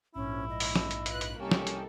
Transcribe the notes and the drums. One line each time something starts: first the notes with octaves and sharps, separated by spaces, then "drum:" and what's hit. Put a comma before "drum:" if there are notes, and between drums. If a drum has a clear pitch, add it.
A#1 G#2 C#4 E4
D#5
drum: open hi-hat
drum: snare
drum: hi-hat
F4 B4 F#6, drum: hi-hat
drum: hi-hat
C2 A#3 C#4 G4 A4 D#5 G5
drum: snare
drum: hi-hat